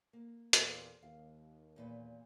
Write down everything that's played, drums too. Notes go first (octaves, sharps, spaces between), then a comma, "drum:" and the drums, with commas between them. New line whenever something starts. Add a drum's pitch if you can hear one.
A#3
E2 A#2 G4 A4 C5, drum: hi-hat
D#2 F5
E2 A#2 B4